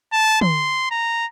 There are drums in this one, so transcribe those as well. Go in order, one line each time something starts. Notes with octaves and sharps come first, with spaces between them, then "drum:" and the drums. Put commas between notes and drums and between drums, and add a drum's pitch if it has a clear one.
A5
C6, drum: tom
A#5